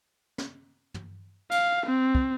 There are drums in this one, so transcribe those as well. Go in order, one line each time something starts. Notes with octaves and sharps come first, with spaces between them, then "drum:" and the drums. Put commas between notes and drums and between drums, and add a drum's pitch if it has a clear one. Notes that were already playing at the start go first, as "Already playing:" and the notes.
drum: snare
drum: tom
F5, drum: cymbal
C4
drum: kick